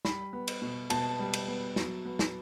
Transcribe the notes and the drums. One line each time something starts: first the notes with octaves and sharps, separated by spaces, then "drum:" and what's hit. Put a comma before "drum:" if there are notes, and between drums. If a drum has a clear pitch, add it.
G3 B5, drum: snare
B3
drum: cymbal
B2
B2 A5, drum: cymbal
G3
drum: cymbal
B3
F#3, drum: snare
B3
drum: snare